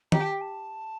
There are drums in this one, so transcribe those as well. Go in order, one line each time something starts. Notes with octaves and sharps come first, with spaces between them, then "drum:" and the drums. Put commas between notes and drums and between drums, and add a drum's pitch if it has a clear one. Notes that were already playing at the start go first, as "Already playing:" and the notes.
G4 A#5, drum: tom
A5
G5
A5